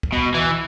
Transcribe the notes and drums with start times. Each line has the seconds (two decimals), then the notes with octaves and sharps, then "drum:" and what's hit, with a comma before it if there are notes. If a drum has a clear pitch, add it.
0.03 drum: kick
0.12 B2
0.34 E3